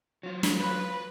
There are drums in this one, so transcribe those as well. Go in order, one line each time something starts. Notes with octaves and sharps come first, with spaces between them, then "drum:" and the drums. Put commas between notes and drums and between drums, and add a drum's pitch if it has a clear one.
F#3 F4
drum: snare
B4